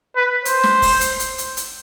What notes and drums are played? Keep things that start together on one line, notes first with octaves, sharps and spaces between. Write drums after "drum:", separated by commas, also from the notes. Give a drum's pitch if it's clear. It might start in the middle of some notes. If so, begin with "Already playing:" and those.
B4
C5, drum: hi-hat
drum: snare
drum: kick F1, open hi-hat
drum: hi-hat
drum: hi-hat
drum: hi-hat
drum: hi-hat